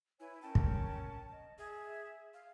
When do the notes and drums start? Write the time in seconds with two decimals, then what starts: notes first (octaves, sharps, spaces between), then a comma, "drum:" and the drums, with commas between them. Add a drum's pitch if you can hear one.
0.20 E4 B4 C#5 G#5
0.42 C#4 A#4 G5 A5
0.55 drum: kick
1.32 D#5
1.58 G#4 E5
2.34 F5